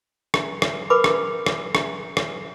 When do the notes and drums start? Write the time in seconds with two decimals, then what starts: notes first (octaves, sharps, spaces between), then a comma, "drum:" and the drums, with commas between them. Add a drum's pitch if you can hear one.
0.34 drum: rim click
0.62 drum: rim click
0.90 A#4 B4 B5 D6
1.04 drum: rim click
1.46 drum: rim click
1.75 drum: rim click
2.17 drum: rim click